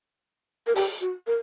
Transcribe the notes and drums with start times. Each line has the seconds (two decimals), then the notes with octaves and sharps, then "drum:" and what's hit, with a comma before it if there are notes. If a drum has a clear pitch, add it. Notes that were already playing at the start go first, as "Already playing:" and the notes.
0.67 A#4
0.75 G4, drum: open hi-hat
1.01 F#4
1.27 A#4